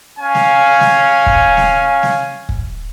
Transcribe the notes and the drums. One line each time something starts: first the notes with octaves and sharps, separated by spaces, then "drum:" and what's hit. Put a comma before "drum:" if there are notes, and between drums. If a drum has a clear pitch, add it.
C#4 F5 G#5
drum: snare
drum: snare
drum: kick
drum: snare
drum: snare
drum: kick